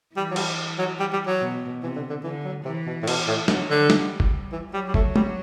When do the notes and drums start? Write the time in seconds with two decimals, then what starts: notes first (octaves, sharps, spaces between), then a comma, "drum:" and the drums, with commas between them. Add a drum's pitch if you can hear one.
0.16 E3 G3
0.31 F#3
0.36 G3, drum: cymbal
0.78 F#3
1.00 G3
1.13 G3
1.27 F#3
1.40 B2
1.82 C3 E3
1.96 D3
2.10 D3
2.23 D3 E3
2.45 F#3
2.65 C3 E3
2.86 B2
3.02 A2
3.07 B2, drum: cymbal
3.27 A2
3.48 B2 F#3, drum: snare
3.70 D3
3.90 G3, drum: snare
4.20 drum: kick G1
4.52 E3
4.73 F#3 G3
4.88 G3
4.94 A3, drum: kick G1
5.16 G3, drum: tom